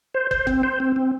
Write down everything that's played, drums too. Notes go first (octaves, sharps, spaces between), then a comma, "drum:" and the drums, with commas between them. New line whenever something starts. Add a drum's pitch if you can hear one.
C5
C5, drum: kick
C4, drum: kick
C5
C4
C4